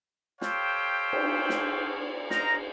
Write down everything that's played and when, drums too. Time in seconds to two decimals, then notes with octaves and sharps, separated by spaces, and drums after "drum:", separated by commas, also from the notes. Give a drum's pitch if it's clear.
0.41 G4 A4 C5 C#5 F5 G5, drum: snare
1.13 drum: cymbal
1.49 drum: snare
2.30 A#4 C5 D#5 A#5, drum: snare